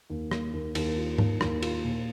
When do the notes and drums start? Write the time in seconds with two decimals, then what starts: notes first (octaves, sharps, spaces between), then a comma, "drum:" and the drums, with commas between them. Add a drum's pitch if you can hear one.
0.10 D#2
0.31 A#3, drum: rim click
0.53 D#2
0.75 D#2, drum: cymbal
0.97 F4
1.18 D#2, drum: tom G#2
1.41 D#2, drum: rim click
1.62 F4, drum: cymbal
1.84 A#2